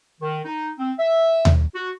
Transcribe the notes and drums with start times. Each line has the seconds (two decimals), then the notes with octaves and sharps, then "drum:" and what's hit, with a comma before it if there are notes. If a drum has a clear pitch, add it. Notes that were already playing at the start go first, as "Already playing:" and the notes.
0.20 D#3
0.45 D#4
0.78 C4
0.98 E5
1.45 drum: tom D#2
1.74 F#4